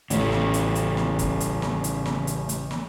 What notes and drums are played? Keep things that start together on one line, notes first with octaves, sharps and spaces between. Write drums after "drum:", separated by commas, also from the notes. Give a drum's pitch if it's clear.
A1 C#3 A3, drum: hi-hat
drum: snare
drum: hi-hat
drum: hi-hat
drum: snare
drum: kick, hi-hat
drum: hi-hat
drum: snare
drum: hi-hat
drum: snare
drum: hi-hat
drum: hi-hat
drum: snare